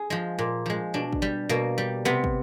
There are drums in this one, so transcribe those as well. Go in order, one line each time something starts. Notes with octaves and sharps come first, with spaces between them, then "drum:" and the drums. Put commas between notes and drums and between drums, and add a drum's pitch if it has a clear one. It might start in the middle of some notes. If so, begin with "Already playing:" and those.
Already playing: G#4
F3 G#3
A#2
F3 G#3
B2 D4
drum: kick
G3
B2 A#3
G3
C3 B3
drum: kick